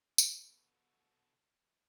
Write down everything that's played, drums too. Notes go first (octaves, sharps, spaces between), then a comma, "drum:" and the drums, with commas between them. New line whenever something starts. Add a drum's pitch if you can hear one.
B2 D3, drum: tambourine